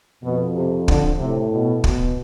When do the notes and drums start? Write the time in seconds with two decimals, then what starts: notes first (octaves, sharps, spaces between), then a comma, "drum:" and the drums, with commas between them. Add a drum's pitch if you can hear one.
0.23 F2 B2
0.55 C3
0.88 D3, drum: kick
1.19 A2 C3
1.51 B2
1.84 B2, drum: kick